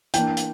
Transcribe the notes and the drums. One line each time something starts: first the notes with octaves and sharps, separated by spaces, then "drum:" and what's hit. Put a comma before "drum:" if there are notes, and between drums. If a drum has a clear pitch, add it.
E3 A#3 D4 G5, drum: hi-hat
drum: hi-hat